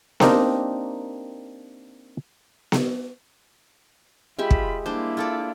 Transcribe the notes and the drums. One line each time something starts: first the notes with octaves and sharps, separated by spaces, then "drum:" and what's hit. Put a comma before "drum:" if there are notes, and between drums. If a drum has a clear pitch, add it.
A#3 C4 D4 D#4 G4 A#4, drum: snare B3
drum: snare B3
G#3 F4 G4 E5 B5
drum: kick
G3 A#3 D4 E4 C5
F4 A4 D5